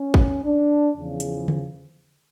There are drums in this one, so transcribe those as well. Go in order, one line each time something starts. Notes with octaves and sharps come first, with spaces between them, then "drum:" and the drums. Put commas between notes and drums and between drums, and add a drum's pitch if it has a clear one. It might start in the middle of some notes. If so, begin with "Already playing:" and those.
Already playing: C#4
drum: kick
D4
E2 C#3 F3
drum: hi-hat
drum: tom C#3